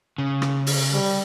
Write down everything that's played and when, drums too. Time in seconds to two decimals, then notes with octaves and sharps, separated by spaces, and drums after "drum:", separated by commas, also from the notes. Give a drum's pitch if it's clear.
0.18 C#3
0.42 drum: rim click
0.67 drum: open hi-hat
0.91 G3